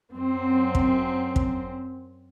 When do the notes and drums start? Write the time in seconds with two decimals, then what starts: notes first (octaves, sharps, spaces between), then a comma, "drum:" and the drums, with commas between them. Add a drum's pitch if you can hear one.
0.14 F#2 C4
0.75 drum: kick
1.36 drum: kick